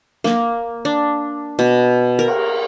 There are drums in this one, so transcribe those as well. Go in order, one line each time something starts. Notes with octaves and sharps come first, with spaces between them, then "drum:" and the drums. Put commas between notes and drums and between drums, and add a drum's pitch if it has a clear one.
A#3, drum: snare
D4
B2
A#4
drum: cymbal